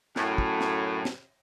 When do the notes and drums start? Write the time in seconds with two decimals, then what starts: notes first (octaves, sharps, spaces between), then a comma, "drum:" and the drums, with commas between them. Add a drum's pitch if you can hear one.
0.16 F#2 A2, drum: snare
0.38 drum: kick
0.61 drum: snare
1.05 drum: snare